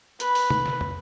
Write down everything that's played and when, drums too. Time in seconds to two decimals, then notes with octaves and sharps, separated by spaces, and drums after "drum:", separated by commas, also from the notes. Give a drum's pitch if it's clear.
0.20 B4, drum: hi-hat
0.35 drum: open hi-hat
0.50 drum: tom
0.66 drum: snare
0.81 drum: tom